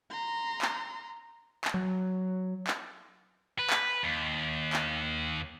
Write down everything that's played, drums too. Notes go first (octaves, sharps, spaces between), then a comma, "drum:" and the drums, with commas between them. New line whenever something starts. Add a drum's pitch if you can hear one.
A#5 C6
drum: clap
drum: clap
F#3
drum: clap
B4
drum: clap
D#2
drum: clap